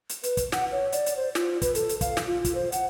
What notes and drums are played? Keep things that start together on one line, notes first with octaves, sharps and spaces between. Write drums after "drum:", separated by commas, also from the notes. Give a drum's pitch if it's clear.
drum: hi-hat
B4, drum: hi-hat
drum: kick, hi-hat
F#5, drum: snare
C#5
D5, drum: hi-hat
drum: hi-hat
C5
F4, drum: snare
B4, drum: kick, hi-hat
A4, drum: hi-hat
drum: hi-hat
F5, drum: kick, hi-hat
drum: snare
F4
drum: kick, hi-hat
C5
F#5, drum: hi-hat